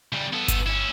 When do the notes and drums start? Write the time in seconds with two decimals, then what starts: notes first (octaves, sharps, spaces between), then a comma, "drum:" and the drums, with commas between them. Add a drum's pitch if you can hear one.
0.12 C#3 G3
0.33 B3 A4
0.48 drum: kick G1, hi-hat
0.66 C#4 E4